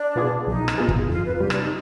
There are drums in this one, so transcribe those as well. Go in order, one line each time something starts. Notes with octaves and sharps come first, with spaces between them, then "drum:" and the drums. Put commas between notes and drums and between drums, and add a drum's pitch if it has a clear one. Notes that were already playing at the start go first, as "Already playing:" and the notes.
Already playing: D4
B2 B3 F4 G#4
B1 D#4
drum: rim click
B2 B3 F4 G#4
drum: kick
F2 F4
B4
F4
C3 G3 G4
D4, drum: rim click
D#4